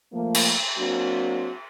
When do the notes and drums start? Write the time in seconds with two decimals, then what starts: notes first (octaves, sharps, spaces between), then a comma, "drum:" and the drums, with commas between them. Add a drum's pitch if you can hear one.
0.13 F3 A3 A#3
0.35 drum: cymbal
0.77 F#3 A#3 C4 D4 F#4